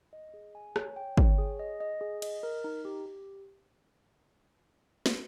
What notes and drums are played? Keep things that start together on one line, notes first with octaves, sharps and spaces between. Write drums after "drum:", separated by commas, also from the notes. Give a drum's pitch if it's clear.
D#5
G#4
G#5
C#5, drum: rim click
G5
C#5, drum: kick
G#4
D#5
D#5
G#4
D#5, drum: cymbal
A#4
D#4
G4
G4
drum: snare